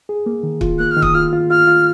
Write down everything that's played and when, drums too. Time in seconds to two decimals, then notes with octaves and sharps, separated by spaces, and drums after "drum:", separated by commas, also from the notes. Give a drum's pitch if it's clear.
0.09 G#4
0.26 A#3
0.43 D#3
0.61 F4, drum: kick
0.79 A#3 F#6
0.91 F6
0.96 D#3
1.02 D#6, drum: kick
1.14 F4 F6
1.33 F4
1.50 F4 F6
1.67 F4